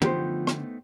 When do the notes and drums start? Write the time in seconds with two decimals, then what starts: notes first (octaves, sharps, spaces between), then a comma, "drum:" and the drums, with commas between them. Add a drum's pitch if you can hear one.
0.02 D3 F3 A3 B3 D#4 G4 C5, drum: tom
0.47 drum: rim click